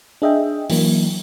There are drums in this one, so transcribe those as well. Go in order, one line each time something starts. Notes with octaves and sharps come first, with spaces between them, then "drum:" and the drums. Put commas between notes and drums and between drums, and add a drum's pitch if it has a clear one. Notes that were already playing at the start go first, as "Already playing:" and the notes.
D4 G#4 D#5 E5 G5
E3 F#3 A#3, drum: open hi-hat